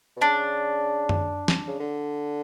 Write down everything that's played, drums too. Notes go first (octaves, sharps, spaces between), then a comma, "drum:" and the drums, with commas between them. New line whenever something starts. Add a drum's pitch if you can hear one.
B2
C#3 D4
drum: tom F#2
drum: snare
C#3
D3